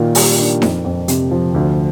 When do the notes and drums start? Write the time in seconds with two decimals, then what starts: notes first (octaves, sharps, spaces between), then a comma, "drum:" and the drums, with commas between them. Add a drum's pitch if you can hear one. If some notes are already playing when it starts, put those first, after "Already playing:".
Already playing: A#2 D#3 F4
0.15 G3, drum: open hi-hat
0.39 D4
0.62 F2, drum: snare D#4
0.84 F2
1.08 C3, drum: hi-hat
1.31 F3
1.54 D2